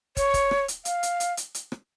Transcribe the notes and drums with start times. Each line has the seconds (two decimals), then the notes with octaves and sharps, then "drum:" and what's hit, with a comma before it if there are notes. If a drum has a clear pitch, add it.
0.17 C#5, drum: kick, hi-hat
0.34 drum: kick, hi-hat
0.51 drum: rim click
0.68 drum: hi-hat
0.85 F5, drum: hi-hat
1.03 drum: hi-hat
1.20 drum: hi-hat
1.37 drum: hi-hat
1.55 drum: hi-hat
1.72 drum: rim click